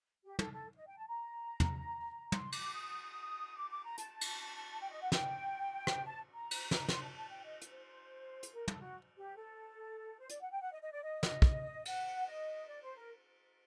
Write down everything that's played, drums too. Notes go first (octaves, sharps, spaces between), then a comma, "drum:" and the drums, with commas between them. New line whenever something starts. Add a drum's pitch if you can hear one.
G4
A4, drum: tom
A4
D#5
G5
A5
A#5
drum: tom
C6, drum: tom
D6, drum: cymbal
D#6
D6
D6
A#5
A5, drum: hi-hat
drum: cymbal
G5
D#5
F#5
G5, drum: snare
drum: rim click
A5
A#5
drum: cymbal
drum: snare
C6, drum: snare
A5
A5
G5
D#5
drum: hi-hat
C5
drum: hi-hat
A#4
A4, drum: tom
F#4
G4
A4
C5
D5, drum: hi-hat
F#5
G5
F#5
D#5
D#5
D5
D#5
drum: snare
drum: kick
F#5, drum: cymbal
D#5
D5
C5
A#4